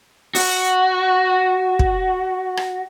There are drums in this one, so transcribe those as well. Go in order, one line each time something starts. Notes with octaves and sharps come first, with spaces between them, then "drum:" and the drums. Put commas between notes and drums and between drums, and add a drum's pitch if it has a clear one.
F#4 F#5, drum: open hi-hat
drum: kick
drum: rim click